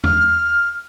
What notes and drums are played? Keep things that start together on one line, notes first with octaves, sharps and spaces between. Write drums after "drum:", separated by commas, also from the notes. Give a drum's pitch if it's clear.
F6, drum: tom F2